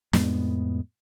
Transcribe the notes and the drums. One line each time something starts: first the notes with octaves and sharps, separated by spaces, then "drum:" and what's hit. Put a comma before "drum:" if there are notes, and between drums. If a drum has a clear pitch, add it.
F2 A2 G#3 B3, drum: snare